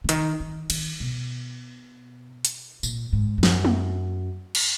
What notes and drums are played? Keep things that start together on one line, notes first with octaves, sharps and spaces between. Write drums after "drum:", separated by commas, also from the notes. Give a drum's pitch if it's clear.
C#3
D#3, drum: hi-hat
D#3
D#3, drum: cymbal
B2
drum: hi-hat
A#2, drum: tambourine
G#2
F2
F#2, drum: snare
drum: tom
drum: cymbal